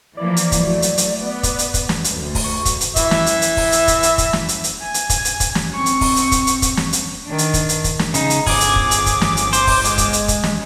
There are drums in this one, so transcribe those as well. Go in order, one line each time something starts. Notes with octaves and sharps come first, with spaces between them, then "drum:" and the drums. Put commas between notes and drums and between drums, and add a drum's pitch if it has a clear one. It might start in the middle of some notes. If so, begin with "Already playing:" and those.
E3 F3 A#3 D5
drum: hi-hat
drum: kick, hi-hat
F#3 A3
drum: hi-hat
drum: hi-hat
B3
drum: kick, hi-hat
drum: hi-hat
drum: kick, hi-hat
drum: snare
drum: hi-hat
D2
drum: kick, open hi-hat
C#6
drum: kick, hi-hat
drum: hi-hat
E3 E5, drum: kick, hi-hat
drum: snare
drum: hi-hat
drum: hi-hat
drum: kick, open hi-hat
drum: hi-hat
drum: kick, hi-hat
drum: hi-hat
drum: kick, hi-hat
drum: snare
drum: hi-hat
drum: hi-hat
G#5
drum: hi-hat
drum: kick, hi-hat
drum: hi-hat
drum: kick, hi-hat
drum: snare
C4 C#6
drum: hi-hat
drum: kick, open hi-hat
drum: hi-hat
drum: kick, hi-hat
drum: hi-hat
drum: kick, hi-hat
drum: snare
drum: hi-hat
D#3 D4
drum: hi-hat
drum: kick, hi-hat
drum: hi-hat
drum: kick, hi-hat
drum: snare
C#3 D#4, drum: hi-hat
drum: hi-hat
G1 G#4 D6, drum: kick, open hi-hat
drum: hi-hat
drum: kick
drum: hi-hat
drum: kick, hi-hat
drum: snare
drum: hi-hat
C5, drum: hi-hat
drum: kick, open hi-hat
G#3, drum: hi-hat
drum: kick, hi-hat
drum: hi-hat
drum: kick, hi-hat
drum: snare